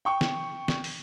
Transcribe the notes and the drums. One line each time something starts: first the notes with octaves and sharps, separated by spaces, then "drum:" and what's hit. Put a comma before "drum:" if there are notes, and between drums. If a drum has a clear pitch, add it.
G5 C#6
drum: snare
drum: snare
drum: open hi-hat